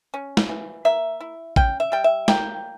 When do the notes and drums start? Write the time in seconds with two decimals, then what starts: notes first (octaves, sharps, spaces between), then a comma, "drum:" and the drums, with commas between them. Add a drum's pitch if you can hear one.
0.14 C#4
0.37 drum: snare
0.49 E3
0.85 A#3 E5
1.21 E4
1.56 C#4 G5, drum: kick A1
1.80 E5
1.92 G3 G5
2.04 E5
2.28 A#3 G5, drum: snare